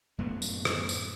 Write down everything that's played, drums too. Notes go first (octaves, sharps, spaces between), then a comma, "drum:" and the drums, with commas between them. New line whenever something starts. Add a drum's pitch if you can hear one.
F#2 A2 A#3 B3
drum: tambourine
drum: rim click
drum: tambourine